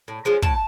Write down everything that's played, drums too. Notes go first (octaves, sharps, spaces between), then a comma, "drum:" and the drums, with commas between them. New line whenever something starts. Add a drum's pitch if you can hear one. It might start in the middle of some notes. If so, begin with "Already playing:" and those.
A2
F3 G#3 C#4
A2 A5, drum: kick